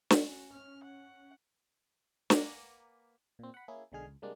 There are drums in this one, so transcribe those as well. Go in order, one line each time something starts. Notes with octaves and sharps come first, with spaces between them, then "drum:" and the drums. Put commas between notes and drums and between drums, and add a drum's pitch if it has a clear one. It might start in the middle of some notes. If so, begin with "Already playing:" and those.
drum: snare
C#4 F#4
C#4 F6
F#5
A#3 B4 D5 F#5 G#5 A#5, drum: snare
A#2 C4
F#5 B5
A#3 C#4 E4 G#4
B1 D3 G#3 G#4 F6
C#2
C3 G3 G#3 A#3 D4